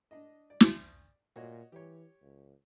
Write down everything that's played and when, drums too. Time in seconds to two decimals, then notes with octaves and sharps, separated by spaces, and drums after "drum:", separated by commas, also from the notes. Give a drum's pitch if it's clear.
0.11 D4 D#5
0.50 D5
0.60 drum: snare
1.36 A#2 F#4 C#5 D#5
1.72 E3 G4 C#5
2.22 C#2